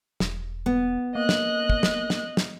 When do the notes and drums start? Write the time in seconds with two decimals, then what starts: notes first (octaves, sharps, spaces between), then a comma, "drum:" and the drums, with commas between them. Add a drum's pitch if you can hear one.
0.20 E1, drum: snare
0.66 B3
1.15 A#3 D#5 F#6
1.29 drum: snare
1.70 drum: kick
1.83 drum: snare
2.10 drum: snare
2.37 drum: snare